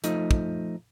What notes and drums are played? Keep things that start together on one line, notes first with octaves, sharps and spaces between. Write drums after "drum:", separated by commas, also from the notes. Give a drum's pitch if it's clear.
F3 A3 D#4, drum: hi-hat
drum: kick